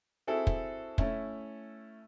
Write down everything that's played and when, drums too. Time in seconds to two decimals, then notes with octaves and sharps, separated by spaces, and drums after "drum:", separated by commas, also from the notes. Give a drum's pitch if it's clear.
0.27 C4 E4 F#4 G#4 A4
0.47 drum: kick
0.98 A3 C#4 E4, drum: kick